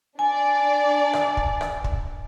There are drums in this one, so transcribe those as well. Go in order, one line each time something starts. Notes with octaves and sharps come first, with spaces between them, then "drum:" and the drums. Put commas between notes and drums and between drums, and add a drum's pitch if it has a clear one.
D4 D5 G#5
drum: rim click
drum: kick
drum: rim click
drum: kick